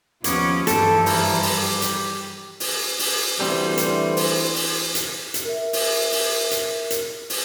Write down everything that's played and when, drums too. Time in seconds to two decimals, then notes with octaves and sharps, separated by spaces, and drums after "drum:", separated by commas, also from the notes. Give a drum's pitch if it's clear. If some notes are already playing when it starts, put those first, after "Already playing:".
0.24 D#2 F3 B3 C#4 C#5 D6, drum: hi-hat
0.67 G2 E3 A4 G5, drum: hi-hat
1.06 G3 E4 A#4 C5, drum: open hi-hat
1.43 drum: open hi-hat
1.62 G4
1.82 drum: hi-hat
2.60 drum: open hi-hat
2.99 drum: open hi-hat
3.40 D2 E3 G3 C4 C5
3.77 drum: hi-hat
4.17 drum: open hi-hat
4.56 drum: open hi-hat
4.95 drum: hi-hat
5.34 drum: hi-hat
5.45 A#4 E5
5.73 drum: open hi-hat
6.12 drum: open hi-hat
6.51 drum: hi-hat
6.90 drum: hi-hat
7.30 drum: open hi-hat